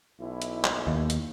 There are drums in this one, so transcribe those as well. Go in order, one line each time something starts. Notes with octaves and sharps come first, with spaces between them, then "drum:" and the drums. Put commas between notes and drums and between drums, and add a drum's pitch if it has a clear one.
B1 E4
drum: hi-hat
drum: clap
D#2
drum: hi-hat